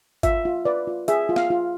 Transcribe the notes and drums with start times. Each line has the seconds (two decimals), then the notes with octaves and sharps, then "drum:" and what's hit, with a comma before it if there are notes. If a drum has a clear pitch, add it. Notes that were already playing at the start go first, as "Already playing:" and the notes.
0.23 F4 E5, drum: kick G#1, hi-hat
0.45 F4
0.65 B4 D5
0.87 F4
1.08 G#4 E5, drum: hi-hat
1.29 F4
1.36 F5, drum: snare B3
1.50 F4